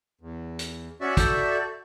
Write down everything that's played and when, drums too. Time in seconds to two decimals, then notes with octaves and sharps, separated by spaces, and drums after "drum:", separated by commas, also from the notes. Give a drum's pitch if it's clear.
0.21 E2
0.59 drum: hi-hat
1.01 C#4 F#4 D5 E5 F#5
1.17 A4 G6, drum: kick, hi-hat